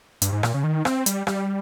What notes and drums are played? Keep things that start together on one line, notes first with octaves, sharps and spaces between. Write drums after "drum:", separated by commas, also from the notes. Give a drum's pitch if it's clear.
G2, drum: hi-hat
G#2
A#2, drum: rim click
C#3
D#3
C4, drum: rim click
G3, drum: hi-hat
G3, drum: rim click